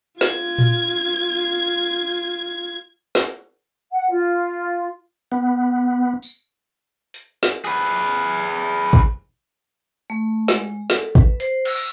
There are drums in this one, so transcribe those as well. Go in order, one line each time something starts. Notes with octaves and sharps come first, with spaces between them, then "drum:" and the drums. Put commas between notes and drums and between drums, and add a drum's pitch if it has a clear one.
F4 G#6, drum: snare
drum: tom A#2
drum: snare
F#5
F4
B3
drum: tambourine
drum: hi-hat
drum: snare
G#4 B4, drum: hi-hat
drum: kick
A3
G#3, drum: snare
A4, drum: snare
B4, drum: kick
C5, drum: hi-hat
E6, drum: cymbal